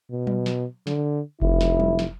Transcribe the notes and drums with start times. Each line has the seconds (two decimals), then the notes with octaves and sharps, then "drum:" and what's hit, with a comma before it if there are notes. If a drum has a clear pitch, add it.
0.11 B2
0.27 drum: tom F#3
0.46 drum: snare
0.87 D3, drum: snare
1.42 F1 E4, drum: kick F#1
1.61 drum: snare
1.80 drum: tom F#3
1.99 drum: snare